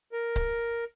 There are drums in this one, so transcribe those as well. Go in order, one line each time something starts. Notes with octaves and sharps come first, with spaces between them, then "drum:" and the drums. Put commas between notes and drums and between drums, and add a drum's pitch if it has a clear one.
A#4
drum: kick C#1